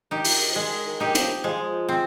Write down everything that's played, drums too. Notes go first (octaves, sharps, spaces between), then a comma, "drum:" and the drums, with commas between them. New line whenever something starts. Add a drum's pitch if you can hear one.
D#3 D#4 G4
drum: open hi-hat
F3
D#3 G#3
D#3
D#4 G4
D#3
F3, drum: hi-hat
F3 G#3
C4